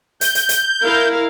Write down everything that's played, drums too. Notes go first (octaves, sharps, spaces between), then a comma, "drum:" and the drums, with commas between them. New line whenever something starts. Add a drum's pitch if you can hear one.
G6, drum: hi-hat
drum: hi-hat
drum: hi-hat
E4 A#4 F5